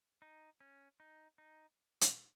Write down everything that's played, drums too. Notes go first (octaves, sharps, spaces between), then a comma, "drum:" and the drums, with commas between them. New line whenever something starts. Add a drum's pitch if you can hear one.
D#4
C#4
D#4
D#4
drum: hi-hat